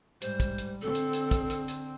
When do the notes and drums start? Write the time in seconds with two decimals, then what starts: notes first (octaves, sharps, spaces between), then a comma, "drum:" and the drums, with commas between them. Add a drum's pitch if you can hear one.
0.21 G#2 G3 C5, drum: hi-hat
0.40 drum: kick, hi-hat
0.58 drum: hi-hat
0.82 D3 C4 A4
0.95 drum: hi-hat
1.13 drum: hi-hat
1.31 drum: kick, hi-hat
1.50 drum: hi-hat
1.68 drum: hi-hat